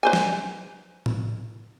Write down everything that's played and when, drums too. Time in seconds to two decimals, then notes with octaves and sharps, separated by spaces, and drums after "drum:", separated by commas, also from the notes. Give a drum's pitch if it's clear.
0.03 B4 C5 G#5
0.13 drum: snare
1.06 drum: tom A2